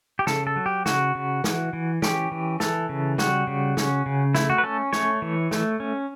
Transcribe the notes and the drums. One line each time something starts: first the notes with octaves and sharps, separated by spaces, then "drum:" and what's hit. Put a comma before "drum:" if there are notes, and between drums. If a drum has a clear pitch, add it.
G4
C#3 A4, drum: snare
A4
F#3
G4
C#3 F#4, drum: snare
C#3
E3, drum: snare
E3
C#4 G4, drum: snare
E3
E3 A4, drum: snare
C#3
G3 F#4, drum: snare
C#3
C#4, drum: snare
C#3
A3 E4, drum: snare
F#4
B4
C#4 A4
A3 C#5, drum: snare
E3
A3, drum: snare
C#4